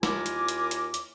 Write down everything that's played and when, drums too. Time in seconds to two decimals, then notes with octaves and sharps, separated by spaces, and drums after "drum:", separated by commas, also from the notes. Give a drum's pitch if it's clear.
0.03 D#2 E4 F4 A#4 G#5 D6, drum: snare
0.26 drum: hi-hat
0.48 drum: hi-hat
0.71 drum: hi-hat
0.94 drum: hi-hat